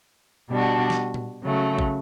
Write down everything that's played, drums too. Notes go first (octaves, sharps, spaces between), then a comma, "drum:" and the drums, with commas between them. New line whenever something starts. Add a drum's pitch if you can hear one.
B2 G3 D4 F#4
drum: snare
drum: tom A#2
C#3 F#3 A3
drum: kick